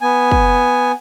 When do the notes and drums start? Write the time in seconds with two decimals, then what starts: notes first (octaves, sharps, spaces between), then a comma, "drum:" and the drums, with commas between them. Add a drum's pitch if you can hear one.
0.01 B3 G#5
0.31 drum: kick